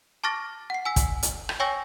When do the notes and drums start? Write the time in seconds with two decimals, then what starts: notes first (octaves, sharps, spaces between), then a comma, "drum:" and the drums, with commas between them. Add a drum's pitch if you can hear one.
0.24 A5 C#6 D6 F6 A6 A#6
0.70 F#5 C7
0.85 G#5 E6 B6
0.96 drum: kick, hi-hat
1.23 drum: hi-hat
1.49 drum: rim click
1.60 C#5 G5 G#5 C#6 E6 A#6